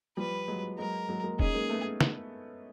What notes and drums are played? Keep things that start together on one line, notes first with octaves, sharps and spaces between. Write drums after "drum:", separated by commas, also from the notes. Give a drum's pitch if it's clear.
F3 G3 B4
F#3 G#3
F#3 G#3 A#4
F#3 G#3
G#3 A#3
C#4 D#4 G#4, drum: kick E1
G#3 A#3
A3 B3
drum: snare